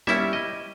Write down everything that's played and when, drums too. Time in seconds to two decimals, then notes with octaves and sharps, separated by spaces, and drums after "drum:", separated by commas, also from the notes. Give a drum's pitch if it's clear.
0.07 G3 C#4 E4 E5, drum: snare
0.33 D#5